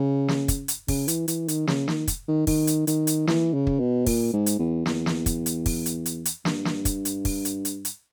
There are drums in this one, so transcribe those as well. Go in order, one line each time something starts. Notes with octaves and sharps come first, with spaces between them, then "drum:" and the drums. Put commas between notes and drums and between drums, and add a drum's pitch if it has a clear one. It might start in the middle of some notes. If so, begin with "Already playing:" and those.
Already playing: C#3
drum: snare
drum: kick, hi-hat
drum: hi-hat
C#3, drum: kick, open hi-hat
E3, drum: hi-hat
E3, drum: hi-hat
D#3, drum: hi-hat
C#3, drum: snare
D#3, drum: snare
drum: kick, hi-hat
D#3
D#3, drum: kick, open hi-hat
drum: hi-hat
D#3, drum: hi-hat
drum: hi-hat
E3, drum: snare
C#3
drum: kick
B2
A#2, drum: kick, open hi-hat
G#2
drum: hi-hat
E2
E2, drum: snare
drum: snare
drum: kick, hi-hat
drum: hi-hat
drum: kick, open hi-hat
drum: hi-hat
drum: hi-hat
drum: hi-hat
G2, drum: snare
drum: snare
drum: kick, hi-hat
drum: hi-hat
drum: kick, open hi-hat
drum: hi-hat
drum: hi-hat
drum: hi-hat